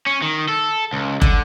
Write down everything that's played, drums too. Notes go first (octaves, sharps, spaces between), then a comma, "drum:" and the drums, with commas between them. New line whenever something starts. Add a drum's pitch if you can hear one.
C#4
D#3
A4
C#2
D3, drum: kick